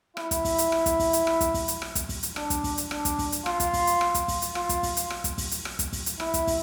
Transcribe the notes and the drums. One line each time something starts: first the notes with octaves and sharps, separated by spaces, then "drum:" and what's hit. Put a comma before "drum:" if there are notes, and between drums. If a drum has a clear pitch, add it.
E4, drum: rim click
drum: kick, hi-hat
drum: kick, open hi-hat
drum: hi-hat
drum: rim click
drum: kick, hi-hat
drum: kick, open hi-hat
drum: hi-hat
drum: rim click
drum: kick, hi-hat
drum: kick, open hi-hat
drum: hi-hat
drum: rim click
drum: kick, hi-hat
drum: kick, open hi-hat
drum: hi-hat
D4, drum: rim click
drum: kick, hi-hat
drum: kick, open hi-hat
drum: hi-hat
D4, drum: rim click
drum: kick, hi-hat
drum: kick, open hi-hat
drum: hi-hat
F4, drum: rim click
drum: kick, hi-hat
drum: kick, open hi-hat
drum: hi-hat
drum: rim click
drum: kick, hi-hat
drum: kick, open hi-hat
drum: hi-hat
F4, drum: rim click
drum: kick, hi-hat
drum: kick, open hi-hat
drum: hi-hat
drum: rim click
drum: kick, hi-hat
drum: kick, open hi-hat
drum: hi-hat
drum: rim click
drum: kick, hi-hat
drum: kick, open hi-hat
drum: hi-hat
E4, drum: rim click
drum: kick, hi-hat
drum: kick, open hi-hat